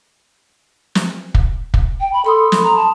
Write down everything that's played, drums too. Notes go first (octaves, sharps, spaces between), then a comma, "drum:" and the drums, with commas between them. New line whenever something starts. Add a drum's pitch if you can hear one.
drum: snare
drum: kick
drum: kick
G5
B5
A4 B5 C6 D#6
drum: snare
A#5
A5